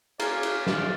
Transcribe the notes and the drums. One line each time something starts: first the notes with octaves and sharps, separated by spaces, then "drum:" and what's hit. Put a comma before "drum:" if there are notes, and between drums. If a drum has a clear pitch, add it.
A#3 C#4 G#4 D5 F6, drum: cymbal
drum: cymbal
drum: snare